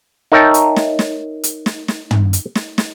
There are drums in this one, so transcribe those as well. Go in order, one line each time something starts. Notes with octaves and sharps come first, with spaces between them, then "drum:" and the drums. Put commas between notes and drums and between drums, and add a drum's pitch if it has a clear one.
D#4 A#4 C#5 E5 G5 A5
drum: hi-hat
drum: snare
drum: snare
drum: hi-hat
drum: snare
drum: snare
drum: tom
drum: hi-hat
drum: snare
drum: snare